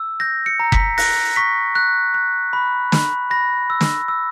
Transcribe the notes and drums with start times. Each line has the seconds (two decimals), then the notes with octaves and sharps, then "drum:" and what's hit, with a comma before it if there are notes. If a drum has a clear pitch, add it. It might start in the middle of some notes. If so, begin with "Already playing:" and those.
Already playing: E6
0.20 G6 A#6
0.46 C#7
0.60 A#5
0.72 B6, drum: kick F#1
0.98 F#6 A#6, drum: open hi-hat
1.36 C#6 B6
1.75 F#6
2.14 F#6
2.53 B5
2.92 B5, drum: snare
3.30 B5 A#6
3.70 E6
3.81 drum: snare
4.08 E6